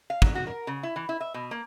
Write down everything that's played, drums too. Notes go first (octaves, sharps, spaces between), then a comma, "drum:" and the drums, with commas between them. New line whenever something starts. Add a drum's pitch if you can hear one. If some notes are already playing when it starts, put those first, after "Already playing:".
F5
F#3, drum: kick
F#4
A#4
C#3
E4
E3
E4
E5
B2
A#3